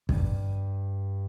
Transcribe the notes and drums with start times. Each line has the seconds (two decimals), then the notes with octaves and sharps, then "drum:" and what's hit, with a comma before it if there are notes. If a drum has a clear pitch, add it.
0.09 G2, drum: kick